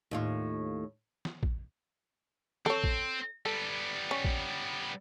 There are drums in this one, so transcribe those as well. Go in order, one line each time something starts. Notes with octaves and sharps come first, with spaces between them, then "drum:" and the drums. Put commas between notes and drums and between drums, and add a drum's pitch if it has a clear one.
D#2 A2 F4
drum: snare
drum: kick
C4 A4 C#5, drum: snare
drum: kick
G3 B3 A4
C#4
drum: kick